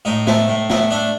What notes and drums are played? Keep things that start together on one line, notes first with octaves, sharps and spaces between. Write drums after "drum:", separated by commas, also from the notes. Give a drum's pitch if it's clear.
A2 D#4
A3, drum: snare
A2
A3, drum: snare
A3 D4